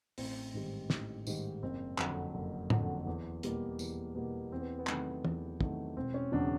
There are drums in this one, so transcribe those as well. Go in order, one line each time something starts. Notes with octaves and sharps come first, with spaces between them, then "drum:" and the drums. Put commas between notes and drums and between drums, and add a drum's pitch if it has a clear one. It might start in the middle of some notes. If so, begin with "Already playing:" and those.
A1 C4, drum: open hi-hat
G#2 D#3 G3
A1, drum: snare
G#2 D#3 G3, drum: tambourine
F#1 C4
F2 D3 F#3, drum: clap
F#1
F2 D3 F#3, drum: tom
E2
B2 G3 A#3, drum: hi-hat
E2, drum: tambourine
B2 G3 A#3
E2 C4
B3
B3
C3 D#3 F#3 A3, drum: clap
E2, drum: tom
C3 D#3 F#3 A3, drum: kick
E1 C4
C#4
E2 C#3 F#3 D4